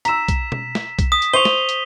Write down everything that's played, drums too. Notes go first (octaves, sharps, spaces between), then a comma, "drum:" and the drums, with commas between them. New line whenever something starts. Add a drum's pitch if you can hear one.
A#5 E6 B6 E7, drum: hi-hat
drum: kick B1, hi-hat
drum: tom B2
drum: snare
drum: kick B1, hi-hat
D#6 B6
drum: hi-hat
C5 C#6 D#7 F7 G7
drum: snare
drum: hi-hat